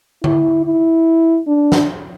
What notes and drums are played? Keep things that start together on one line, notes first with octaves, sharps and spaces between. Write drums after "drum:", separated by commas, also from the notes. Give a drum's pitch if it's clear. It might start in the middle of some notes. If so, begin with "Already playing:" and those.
E4, drum: tom D3
E4
D4
drum: snare